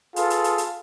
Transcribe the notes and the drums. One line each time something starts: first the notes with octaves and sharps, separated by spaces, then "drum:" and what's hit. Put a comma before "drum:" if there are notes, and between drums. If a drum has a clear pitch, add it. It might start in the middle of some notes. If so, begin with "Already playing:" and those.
F4 G#4 A4 B4, drum: hi-hat
drum: hi-hat
drum: hi-hat
drum: hi-hat